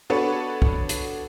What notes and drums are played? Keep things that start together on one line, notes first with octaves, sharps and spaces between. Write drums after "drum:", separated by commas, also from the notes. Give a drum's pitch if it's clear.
B3 D4 F#4 A4 B4 C#5
drum: kick
drum: hi-hat